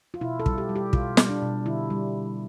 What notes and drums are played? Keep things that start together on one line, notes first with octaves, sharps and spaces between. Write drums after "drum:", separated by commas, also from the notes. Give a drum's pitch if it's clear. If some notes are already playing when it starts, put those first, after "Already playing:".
F4
B2 E4
A4
G3, drum: kick
G4
G3
G4
B2 F4, drum: kick
G3, drum: snare
D4
B2
D3 E4
G3